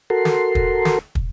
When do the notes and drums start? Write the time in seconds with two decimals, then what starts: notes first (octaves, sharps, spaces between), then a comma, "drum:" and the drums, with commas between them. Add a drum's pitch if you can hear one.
0.10 F#4 A4 A#4 C6
0.25 drum: snare
0.55 drum: kick
0.85 drum: snare
1.15 drum: kick